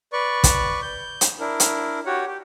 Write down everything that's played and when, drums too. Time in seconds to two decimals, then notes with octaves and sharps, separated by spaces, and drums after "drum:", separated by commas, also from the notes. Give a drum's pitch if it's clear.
0.13 B4 D5 C#6
0.44 drum: kick, hi-hat
0.82 G6
1.21 drum: hi-hat
1.40 D4 E4 A#4
1.60 drum: hi-hat
2.06 F#4 G4 C#5 F#5
2.26 G4